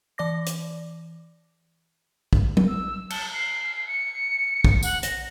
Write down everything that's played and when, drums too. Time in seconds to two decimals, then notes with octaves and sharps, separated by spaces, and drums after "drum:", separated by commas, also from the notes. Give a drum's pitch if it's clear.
0.18 E3 D5 D6 A#6
0.46 drum: hi-hat
2.33 drum: kick
2.57 drum: tom
2.68 E6
3.10 A5, drum: cymbal
3.34 C7
3.87 C#7
4.64 drum: kick
4.83 F#5, drum: tambourine
5.03 A#6, drum: hi-hat